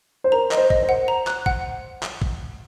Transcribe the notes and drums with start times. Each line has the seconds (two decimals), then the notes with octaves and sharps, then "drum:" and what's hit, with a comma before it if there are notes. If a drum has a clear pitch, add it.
0.24 C5
0.32 A#4 A#5
0.51 D#5, drum: clap
0.57 C5
0.70 D#5, drum: kick
0.83 C5
0.89 F#5
1.08 A#5
1.27 F#6, drum: clap
1.46 F#5, drum: kick
2.03 drum: clap
2.22 drum: kick